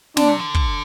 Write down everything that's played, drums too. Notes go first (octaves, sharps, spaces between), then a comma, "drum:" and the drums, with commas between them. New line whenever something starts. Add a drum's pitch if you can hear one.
D3 D4, drum: snare
C3
D3
drum: kick